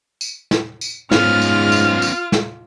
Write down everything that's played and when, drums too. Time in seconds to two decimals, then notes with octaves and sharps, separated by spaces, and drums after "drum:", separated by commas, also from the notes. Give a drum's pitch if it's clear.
0.21 drum: tambourine
0.51 drum: snare
0.81 drum: tambourine
1.11 G#2 B3 C#4 F4 F6, drum: snare
1.42 drum: tambourine
1.72 drum: tambourine
2.02 drum: tambourine
2.32 drum: snare